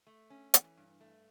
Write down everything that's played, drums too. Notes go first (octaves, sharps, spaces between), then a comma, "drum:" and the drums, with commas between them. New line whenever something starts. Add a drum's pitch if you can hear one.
A3
C#4
E3, drum: hi-hat
G2
A3